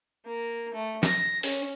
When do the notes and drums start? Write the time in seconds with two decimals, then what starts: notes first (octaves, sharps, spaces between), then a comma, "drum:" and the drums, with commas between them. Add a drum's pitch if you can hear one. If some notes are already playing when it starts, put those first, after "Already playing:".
0.25 A#3
0.74 A3
1.03 A#6, drum: snare
1.43 C#4, drum: open hi-hat